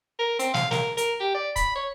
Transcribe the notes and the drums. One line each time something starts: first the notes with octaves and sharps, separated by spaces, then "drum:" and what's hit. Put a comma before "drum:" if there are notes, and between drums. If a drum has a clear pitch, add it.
A#4
C4, drum: hi-hat
F5, drum: snare
A#4, drum: snare
A#4, drum: hi-hat
G4
D5
B5, drum: kick, hi-hat
C#5